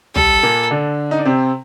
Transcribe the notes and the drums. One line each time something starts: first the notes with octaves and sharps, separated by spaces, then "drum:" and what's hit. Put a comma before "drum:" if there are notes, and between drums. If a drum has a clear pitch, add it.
G3 A4, drum: tom
A#2 A#3
D3 D4
D#4
D4
C3 C4